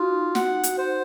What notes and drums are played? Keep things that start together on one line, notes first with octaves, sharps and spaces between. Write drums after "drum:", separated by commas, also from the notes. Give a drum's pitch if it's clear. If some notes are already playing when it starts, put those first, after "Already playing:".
Already playing: D#4 F4 F#4
F#5, drum: snare
drum: hi-hat
C5